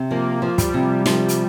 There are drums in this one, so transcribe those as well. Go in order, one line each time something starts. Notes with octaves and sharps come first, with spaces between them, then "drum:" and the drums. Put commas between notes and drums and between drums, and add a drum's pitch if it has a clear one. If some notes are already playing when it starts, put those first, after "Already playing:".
Already playing: C3
F3 A#3
F3
G3, drum: kick, hi-hat
C3
F3, drum: snare
drum: hi-hat